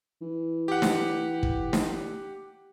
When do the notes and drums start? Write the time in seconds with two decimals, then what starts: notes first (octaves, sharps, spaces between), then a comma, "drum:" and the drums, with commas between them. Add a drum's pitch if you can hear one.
0.21 E3
0.68 G4 F#5
0.82 drum: snare
1.43 drum: kick
1.73 drum: snare